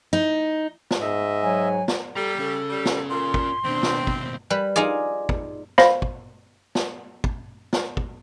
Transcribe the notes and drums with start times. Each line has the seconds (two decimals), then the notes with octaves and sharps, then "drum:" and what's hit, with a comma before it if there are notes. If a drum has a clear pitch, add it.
0.13 D#4
0.91 drum: snare
1.01 G#2 D#5 E5
1.42 F#3 G#5
1.88 drum: snare
2.16 G3 A4 D5 A#5
2.39 C#4 G#4 A4
2.70 G3
2.85 drum: snare
3.10 A#2 C6
3.34 drum: kick
3.64 D#2 B2 C4 D4
3.83 drum: snare
4.07 drum: kick
4.50 G3 B4
4.76 D#4 F4 G#4 D5
5.29 drum: kick
5.78 C5 F5 B5 A#6, drum: snare
6.02 drum: kick
6.75 drum: snare
7.24 drum: kick
7.73 drum: snare
7.97 drum: kick